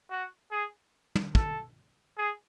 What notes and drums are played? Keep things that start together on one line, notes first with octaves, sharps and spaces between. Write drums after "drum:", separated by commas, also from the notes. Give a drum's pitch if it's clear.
F#4
G#4
drum: tom
A4, drum: kick
G#4